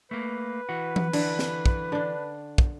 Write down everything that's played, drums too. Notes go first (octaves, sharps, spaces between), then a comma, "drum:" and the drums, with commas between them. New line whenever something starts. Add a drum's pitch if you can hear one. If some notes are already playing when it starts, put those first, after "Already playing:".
A3 A#3 B4
E3 F#4
drum: tom E3
D3 E3, drum: cymbal
drum: snare
drum: kick
D3 D4
drum: kick